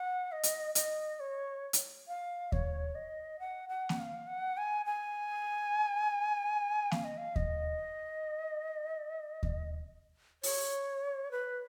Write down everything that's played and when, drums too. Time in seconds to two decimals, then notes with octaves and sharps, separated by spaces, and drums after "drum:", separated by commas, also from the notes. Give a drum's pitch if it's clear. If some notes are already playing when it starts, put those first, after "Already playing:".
Already playing: F#5
0.32 D#5
0.43 drum: hi-hat
0.75 D#5, drum: hi-hat
1.20 C#5
1.73 drum: hi-hat
2.08 F5
2.52 C#5, drum: kick D#2
2.95 D#5
3.39 F#5
3.69 F#5
3.89 drum: snare A#3
3.99 F5
4.27 F#5
4.57 G#5
4.86 G#5
6.91 F5, drum: snare A#3
7.04 D#5
7.18 F5
7.36 D#5, drum: kick D#2
9.43 drum: kick D#2
10.43 C#5, drum: open hi-hat
11.31 B4